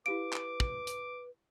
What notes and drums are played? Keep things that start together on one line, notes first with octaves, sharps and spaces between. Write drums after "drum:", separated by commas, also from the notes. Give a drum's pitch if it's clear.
E4 G4 B4 F5 D6 D7
drum: clap
drum: kick
drum: hi-hat